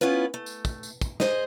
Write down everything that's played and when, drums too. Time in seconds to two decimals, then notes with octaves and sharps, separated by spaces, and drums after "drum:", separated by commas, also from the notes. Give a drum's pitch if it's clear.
0.01 B3 C#4 E4 F4 B4
0.34 A3
0.46 drum: tambourine
0.65 drum: kick, tambourine
0.83 drum: tambourine
1.01 drum: kick, tambourine
1.20 G#4 C5 D#5, drum: snare